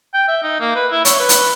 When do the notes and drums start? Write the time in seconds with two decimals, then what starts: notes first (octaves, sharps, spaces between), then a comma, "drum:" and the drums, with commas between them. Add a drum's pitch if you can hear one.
0.14 G5
0.28 E5
0.43 D#4
0.60 A#3
0.75 B4
0.91 E4
1.05 C#5, drum: hi-hat
1.19 B4
1.29 drum: hi-hat